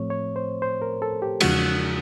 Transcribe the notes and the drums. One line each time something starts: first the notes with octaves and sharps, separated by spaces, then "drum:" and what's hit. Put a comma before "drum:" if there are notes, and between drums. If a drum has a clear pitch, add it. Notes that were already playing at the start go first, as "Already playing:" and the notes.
Already playing: A2 F3 A3 C4 C#5
C#5
C5
C5
A#4
A4
G4
E2 C#3 F3 G#3 F#4, drum: cymbal